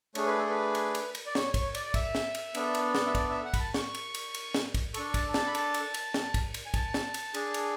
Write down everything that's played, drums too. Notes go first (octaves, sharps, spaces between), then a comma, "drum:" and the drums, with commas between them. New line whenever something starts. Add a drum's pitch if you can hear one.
A3 D4 G#4 C#5, drum: cymbal
B4
A4
B4
drum: cymbal
drum: cymbal
drum: cymbal
D5
C#5, drum: snare
C#5, drum: kick, cymbal
D5, drum: cymbal
D5
E5, drum: kick, cymbal
drum: snare
drum: cymbal
B3 D4 A4, drum: cymbal
drum: cymbal
drum: snare
E5
D5, drum: kick, cymbal
E5
F#5
B5, drum: kick, cymbal
A5
C#6, drum: snare
drum: cymbal
drum: cymbal
drum: cymbal
drum: snare
drum: kick, cymbal
D4 A4 C#6, drum: cymbal
A5, drum: kick, cymbal
A5, drum: snare
B5
A5, drum: cymbal
drum: cymbal
drum: cymbal
drum: snare
drum: kick, cymbal
drum: cymbal
G#5
A5, drum: kick, cymbal
drum: snare
drum: cymbal
D4 G#4, drum: cymbal
drum: cymbal